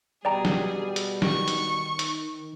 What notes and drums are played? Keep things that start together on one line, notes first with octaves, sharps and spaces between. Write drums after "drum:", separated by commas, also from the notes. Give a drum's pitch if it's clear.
B2 G3 G#4 D5 G5 A#5
drum: snare
drum: hi-hat
D#3 C#6, drum: snare
drum: hi-hat
drum: hi-hat